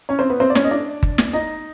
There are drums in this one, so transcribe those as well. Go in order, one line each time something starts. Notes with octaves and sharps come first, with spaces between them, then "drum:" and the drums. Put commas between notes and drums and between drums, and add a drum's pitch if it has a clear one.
C#4 C#5
C4 C5
B3 B4
C4 C5
D5
C#4 C#5, drum: snare
D#5
D4 D5
drum: kick G1
drum: snare
D#4 D#5